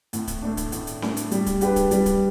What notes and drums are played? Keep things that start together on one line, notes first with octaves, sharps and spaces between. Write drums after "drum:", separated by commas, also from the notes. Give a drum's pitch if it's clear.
A2, drum: hi-hat
drum: kick D1, hi-hat
A3 D4
drum: kick D1, hi-hat
A2, drum: hi-hat
drum: hi-hat
A3 D4, drum: snare C4
drum: hi-hat
G3, drum: hi-hat
drum: kick D1, hi-hat
D4 G4 B4, drum: hi-hat
drum: kick D1, hi-hat
G3, drum: hi-hat
drum: kick D1, hi-hat